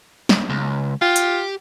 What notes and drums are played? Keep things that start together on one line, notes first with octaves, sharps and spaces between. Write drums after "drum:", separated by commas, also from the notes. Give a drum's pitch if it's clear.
drum: snare
C#2
F4 G4
drum: hi-hat